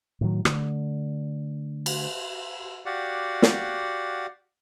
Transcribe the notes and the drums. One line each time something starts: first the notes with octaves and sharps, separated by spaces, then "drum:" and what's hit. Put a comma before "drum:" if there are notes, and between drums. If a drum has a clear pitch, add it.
A2 D#3 F#3
D3 A3, drum: rim click
drum: cymbal
F#4 G4 D5 F5 F#5
drum: snare